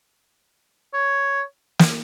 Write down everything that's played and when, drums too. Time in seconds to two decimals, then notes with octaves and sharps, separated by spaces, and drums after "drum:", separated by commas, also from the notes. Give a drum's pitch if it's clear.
0.93 C#5
1.79 drum: snare